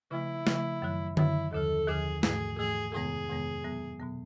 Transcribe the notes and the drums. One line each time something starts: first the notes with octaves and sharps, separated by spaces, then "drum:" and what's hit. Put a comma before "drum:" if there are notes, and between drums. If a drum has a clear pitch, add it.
C#3 F3 A3 E4
C#3 F3 A3, drum: snare
F#2 D#3 F#3
F#2 D#3 F#3 E4, drum: tom D3
D#2 D3 F3 A4
D#2 D3 F3 G#4
G#2 E3 A3 G#4, drum: snare
G#2 E3 A3 G#4
F2 C3 D#3 G#3 B3 G#4
F2 C3 D#3 G#3 B3
B2 F#3 B3
B2 F#3 B3